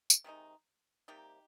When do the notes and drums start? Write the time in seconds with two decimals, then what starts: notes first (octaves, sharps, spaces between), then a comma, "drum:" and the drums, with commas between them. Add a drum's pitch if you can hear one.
0.10 drum: tambourine
0.24 C3 D#3 G#3 D#4
1.08 C3 G3 A#3 D#4 G4